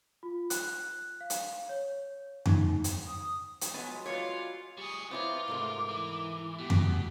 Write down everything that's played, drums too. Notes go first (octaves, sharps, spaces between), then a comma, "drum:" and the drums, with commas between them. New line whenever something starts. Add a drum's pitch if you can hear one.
F4
F#6, drum: hi-hat
F5
drum: hi-hat
C#5
D#4, drum: tom F2
drum: hi-hat
D#6
drum: hi-hat
F#3 G#3 B3
F4 B4 C#5 D5 F5
G3 G#4 C#6 D#6
B3 C4 E4 F4 C#5 A#5 D6
G#2 C3 A3 A#4
E3
B2 G4
drum: tom F2